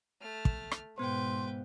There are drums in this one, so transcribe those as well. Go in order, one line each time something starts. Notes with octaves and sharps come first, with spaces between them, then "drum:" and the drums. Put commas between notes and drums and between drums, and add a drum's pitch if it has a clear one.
A3 F6
drum: kick
drum: rim click
G#2 B2 B3 B4 C5 G5 C6